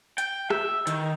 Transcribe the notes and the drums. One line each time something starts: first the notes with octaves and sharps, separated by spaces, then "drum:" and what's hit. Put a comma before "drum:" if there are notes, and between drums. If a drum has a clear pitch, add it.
G5, drum: hi-hat
E5, drum: rim click
D#3, drum: hi-hat